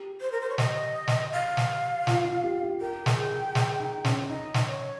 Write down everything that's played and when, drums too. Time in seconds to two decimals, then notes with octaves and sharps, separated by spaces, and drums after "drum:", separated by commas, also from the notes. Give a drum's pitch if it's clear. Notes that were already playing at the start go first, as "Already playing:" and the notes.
Already playing: G4
0.21 C5
0.32 A#4
0.41 C5
0.49 C#5
0.58 D#5, drum: snare
1.08 drum: snare
1.32 F5
1.57 drum: snare
2.07 F4, drum: snare
2.25 F4
2.44 G4
2.63 G4
2.81 A#4 G5
3.06 G#4, drum: snare
3.31 G#4
3.55 G#4, drum: snare
3.80 D#4
4.04 C#4, drum: snare
4.29 D#4 D#5
4.54 drum: snare
4.67 C#5